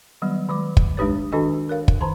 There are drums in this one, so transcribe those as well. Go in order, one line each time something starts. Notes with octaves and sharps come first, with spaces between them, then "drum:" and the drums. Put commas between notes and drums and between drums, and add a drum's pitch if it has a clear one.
D#3 F#3 G3 B3
D#3 F#3 G#3 D6
drum: kick
G#3 D4 D#4 G4 B4 C#5
D#3 D4 F#4 A4 D#5 G#5
A#4 C#5 F5
drum: kick
D#3 C5 A5 A#5 C6